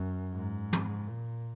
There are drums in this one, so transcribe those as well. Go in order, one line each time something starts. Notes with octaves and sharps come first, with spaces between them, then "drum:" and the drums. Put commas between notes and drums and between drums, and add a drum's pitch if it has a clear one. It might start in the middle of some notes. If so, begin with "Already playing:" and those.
Already playing: F#2
G#2
drum: tom
A#2